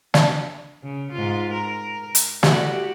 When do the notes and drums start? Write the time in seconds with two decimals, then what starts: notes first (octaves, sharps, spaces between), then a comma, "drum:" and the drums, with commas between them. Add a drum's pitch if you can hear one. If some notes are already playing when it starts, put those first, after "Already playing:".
0.14 D4, drum: snare
0.83 C#3
1.12 G#2 F4
1.52 A#4
2.15 drum: hi-hat
2.43 G3 A3 E4 F#4 G4, drum: snare